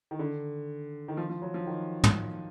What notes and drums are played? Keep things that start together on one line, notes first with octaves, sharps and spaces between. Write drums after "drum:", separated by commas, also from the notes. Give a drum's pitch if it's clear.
D#3
D3
D#3
F3
F3
F#3
F3
D#3
drum: tom